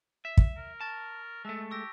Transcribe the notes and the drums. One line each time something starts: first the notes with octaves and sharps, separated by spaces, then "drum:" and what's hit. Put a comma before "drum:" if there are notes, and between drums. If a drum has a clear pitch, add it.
E5
drum: kick
A#4
A5 C#6 A6 E7
G#3 A3 E5 A5
G4 C#6 E6 A#6